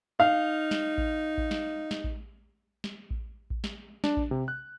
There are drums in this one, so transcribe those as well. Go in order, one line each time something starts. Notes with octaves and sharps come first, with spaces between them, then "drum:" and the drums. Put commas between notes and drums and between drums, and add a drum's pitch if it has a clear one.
D#4 F5
drum: snare
drum: kick A1
drum: kick A1
drum: snare
drum: snare
drum: kick A1
drum: snare
drum: kick A1
drum: kick A1
drum: snare
D4, drum: snare
drum: kick A1
C3
F#6